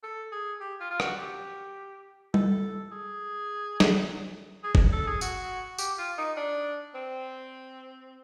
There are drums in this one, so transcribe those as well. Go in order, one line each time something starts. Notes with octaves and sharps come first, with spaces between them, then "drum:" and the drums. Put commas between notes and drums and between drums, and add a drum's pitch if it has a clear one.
A4
G#4
G4
F4
F4
F#4, drum: rim click
G4
A4, drum: tom G3
G#4
drum: snare
G#4
drum: kick
A4
G#4
F#4, drum: tambourine
G4, drum: tambourine
F4
D#4
D4
C4